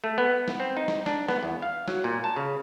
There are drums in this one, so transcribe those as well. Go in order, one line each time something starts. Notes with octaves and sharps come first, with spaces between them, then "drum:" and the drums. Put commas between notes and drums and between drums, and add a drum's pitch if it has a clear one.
A3
B3
drum: snare
C4
D#4
drum: snare
D4, drum: snare
B3, drum: snare
E2
F5
F#3, drum: snare
A#2
A5
C#3